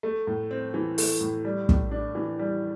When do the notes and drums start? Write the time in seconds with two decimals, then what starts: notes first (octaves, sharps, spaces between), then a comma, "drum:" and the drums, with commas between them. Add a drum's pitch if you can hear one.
0.03 A3
0.27 A2
0.51 C4
0.74 E3
0.98 A3, drum: open hi-hat
1.21 A2
1.45 G3
1.69 A2, drum: kick
1.91 D4
2.15 E3
2.39 G3